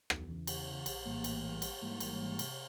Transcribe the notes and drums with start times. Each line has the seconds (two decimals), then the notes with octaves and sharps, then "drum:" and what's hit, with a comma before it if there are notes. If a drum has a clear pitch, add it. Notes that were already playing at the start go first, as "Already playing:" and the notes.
0.10 E2, drum: rim click
0.28 C#3 E3
0.47 E2, drum: cymbal
0.67 C#3 E3
0.86 A#1, drum: cymbal
1.05 A2 E3 G3 A#3
1.24 A#1, drum: cymbal
1.43 A2 E3 G3 A#3
1.62 G#1, drum: cymbal
1.81 G#2 E3 G3 A#3
2.00 G#1, drum: cymbal
2.20 G#2 E3 G3 A#3
2.39 C3, drum: cymbal